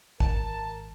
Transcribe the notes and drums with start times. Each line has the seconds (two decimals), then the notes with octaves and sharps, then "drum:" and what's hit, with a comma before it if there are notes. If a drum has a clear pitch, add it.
0.20 G#1 A#4 A5, drum: kick